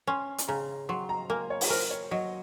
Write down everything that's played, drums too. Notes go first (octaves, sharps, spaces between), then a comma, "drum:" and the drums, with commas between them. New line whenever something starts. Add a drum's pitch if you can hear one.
C#4 C6
drum: hi-hat
C#3 A#5
F#3 C6
A#5
A#3 G#5
C#5
drum: open hi-hat
A#4 C5
C#5
F#3 D#5